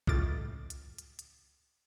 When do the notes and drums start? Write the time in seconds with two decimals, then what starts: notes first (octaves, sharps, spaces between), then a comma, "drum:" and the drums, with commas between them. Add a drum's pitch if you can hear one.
0.07 C#2 A2 F4 D6 A6, drum: kick B1
0.70 drum: hi-hat
0.98 drum: hi-hat
1.19 drum: hi-hat